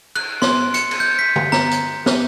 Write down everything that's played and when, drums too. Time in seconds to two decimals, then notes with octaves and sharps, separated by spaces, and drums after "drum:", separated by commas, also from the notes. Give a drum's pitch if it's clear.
0.16 F#6, drum: cymbal
0.42 C6, drum: snare
0.74 C#7, drum: hi-hat
0.91 drum: cymbal
1.00 G6
1.19 B6
1.36 drum: tom
1.52 A#5, drum: snare
1.71 drum: hi-hat
2.06 drum: snare